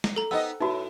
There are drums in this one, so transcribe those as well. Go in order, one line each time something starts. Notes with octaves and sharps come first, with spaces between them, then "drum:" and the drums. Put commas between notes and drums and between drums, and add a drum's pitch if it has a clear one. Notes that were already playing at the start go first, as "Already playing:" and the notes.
drum: snare
A4 A#5
B3 D#4 C5 D#5 F#5 G5 E6
A2 D#4 F#4 B4 E5 B5